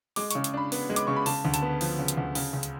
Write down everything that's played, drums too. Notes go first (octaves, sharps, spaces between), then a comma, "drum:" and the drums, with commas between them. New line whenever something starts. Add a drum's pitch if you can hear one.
G#3 D6, drum: open hi-hat
C#3 C#6, drum: hi-hat
drum: hi-hat
D4 B5
B3, drum: open hi-hat
G#3
D6, drum: hi-hat
C#3 C#6
B5
C#3 A5, drum: open hi-hat
D2
A5, drum: hi-hat
B3
F3, drum: open hi-hat
C#3
drum: hi-hat
D2
C#3, drum: open hi-hat
C#2
drum: hi-hat